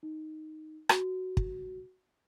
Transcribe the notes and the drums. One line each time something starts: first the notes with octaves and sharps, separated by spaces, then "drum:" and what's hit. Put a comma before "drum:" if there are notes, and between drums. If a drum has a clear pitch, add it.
D#4
F#4, drum: rim click
drum: kick